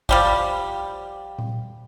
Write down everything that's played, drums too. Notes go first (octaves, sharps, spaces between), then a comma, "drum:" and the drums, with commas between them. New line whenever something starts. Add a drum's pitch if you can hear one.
F3 G3 G4, drum: kick A1
drum: tom A#2